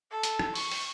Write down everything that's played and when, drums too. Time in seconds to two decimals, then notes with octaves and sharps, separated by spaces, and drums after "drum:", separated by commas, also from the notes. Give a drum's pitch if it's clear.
0.11 A4
0.23 drum: hi-hat
0.39 drum: rim click
0.55 C#6, drum: open hi-hat
0.71 drum: open hi-hat